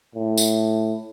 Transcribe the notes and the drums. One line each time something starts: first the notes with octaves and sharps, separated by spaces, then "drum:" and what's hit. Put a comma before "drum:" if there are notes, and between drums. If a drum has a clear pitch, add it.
A2
drum: tambourine